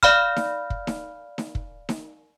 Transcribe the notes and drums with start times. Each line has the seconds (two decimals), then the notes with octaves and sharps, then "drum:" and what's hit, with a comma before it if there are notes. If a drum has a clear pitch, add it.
0.03 D5 F5 B5 F6, drum: kick
0.36 drum: snare D#4
0.70 drum: kick
0.87 drum: snare D#4
1.38 drum: snare D#4
1.55 drum: kick
1.89 drum: snare D#4